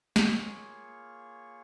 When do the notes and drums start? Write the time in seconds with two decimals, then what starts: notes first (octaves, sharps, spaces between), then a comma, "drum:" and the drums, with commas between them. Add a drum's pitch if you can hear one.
0.16 A#3 F4 G#4 C#5 C#6, drum: snare